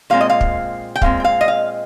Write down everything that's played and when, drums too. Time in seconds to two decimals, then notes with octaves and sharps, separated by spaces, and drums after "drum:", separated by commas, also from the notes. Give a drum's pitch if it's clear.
0.10 A#2 G#3 C4 F5
0.21 D#5
0.30 F5
0.41 drum: kick
0.96 G5
1.02 A#2 G#3 C4 F5, drum: kick
1.20 G5
1.24 F5
1.41 D#5
1.48 F5